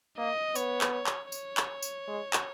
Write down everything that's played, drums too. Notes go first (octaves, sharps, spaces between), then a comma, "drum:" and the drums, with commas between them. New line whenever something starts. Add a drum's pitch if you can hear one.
A#3 D#5
B3 C#5, drum: tambourine
drum: clap
C#5
drum: clap
C#5, drum: tambourine
drum: clap
drum: tambourine
G#3
drum: clap